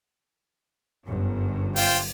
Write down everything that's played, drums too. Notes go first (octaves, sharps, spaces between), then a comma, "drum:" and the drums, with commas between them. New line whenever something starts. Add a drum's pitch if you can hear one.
G1 F#2
F4 C5 G5, drum: open hi-hat